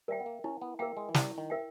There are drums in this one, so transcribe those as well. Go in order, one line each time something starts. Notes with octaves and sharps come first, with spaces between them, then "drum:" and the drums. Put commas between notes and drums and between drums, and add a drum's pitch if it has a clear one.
G3 A#4 E5 G5
B3
A#3
C#4 E4
B3
A#3 A#4 E5 G5
G#3
E3
G3 E4, drum: snare
D#3
A#4 E5 G5